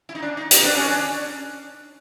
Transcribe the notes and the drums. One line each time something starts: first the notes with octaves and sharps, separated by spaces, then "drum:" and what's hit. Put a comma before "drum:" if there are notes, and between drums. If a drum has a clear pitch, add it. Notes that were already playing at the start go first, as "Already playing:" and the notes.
E4
D#4
D4
D#4
D#4, drum: hi-hat
D4
C#4
D4